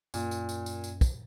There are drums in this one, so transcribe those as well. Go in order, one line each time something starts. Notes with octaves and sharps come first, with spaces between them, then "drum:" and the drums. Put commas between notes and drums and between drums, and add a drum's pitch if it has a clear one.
F#2 A#2, drum: tambourine
drum: tambourine
drum: tambourine
drum: tambourine
drum: tambourine
drum: kick, tambourine